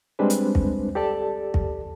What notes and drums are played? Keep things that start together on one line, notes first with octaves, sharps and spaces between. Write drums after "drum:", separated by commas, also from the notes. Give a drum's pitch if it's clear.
G3 G#3 C4 D4 B4 C5
drum: hi-hat
drum: kick
G4 A4 D5 A5
drum: kick